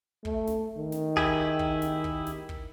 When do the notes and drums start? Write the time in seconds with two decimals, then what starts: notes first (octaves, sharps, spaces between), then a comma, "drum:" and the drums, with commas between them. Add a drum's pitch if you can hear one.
0.25 A3, drum: kick
0.47 drum: snare
0.77 D#3
0.92 drum: snare
1.17 E4 G4 G#4, drum: kick
1.59 drum: kick
1.82 drum: snare
2.04 drum: kick
2.26 drum: snare
2.49 drum: kick